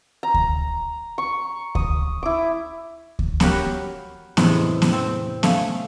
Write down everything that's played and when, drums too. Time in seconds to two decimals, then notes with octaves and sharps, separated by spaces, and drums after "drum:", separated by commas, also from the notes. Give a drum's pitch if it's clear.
0.23 A#5
0.34 drum: kick D2
1.18 C#6
1.75 D#6, drum: kick D2
2.23 E4 D6
3.19 drum: kick D2
3.40 F#4 G4 A#4 C#5 B5, drum: snare B3
4.37 E2 A2 C3 G#3, drum: snare B3
4.82 drum: snare B3
4.93 C4
5.43 A3 F5 G#5, drum: snare B3